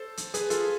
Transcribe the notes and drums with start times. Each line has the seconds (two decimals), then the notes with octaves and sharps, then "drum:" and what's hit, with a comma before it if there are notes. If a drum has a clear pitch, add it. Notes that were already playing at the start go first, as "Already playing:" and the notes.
Already playing: A4 C5
0.17 drum: hi-hat
0.34 G#4 B4, drum: hi-hat
0.50 F4 A4, drum: hi-hat